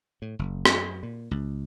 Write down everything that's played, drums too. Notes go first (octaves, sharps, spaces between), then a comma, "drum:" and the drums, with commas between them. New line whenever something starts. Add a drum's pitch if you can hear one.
A2
F#1
F#2, drum: rim click
A#2
C#2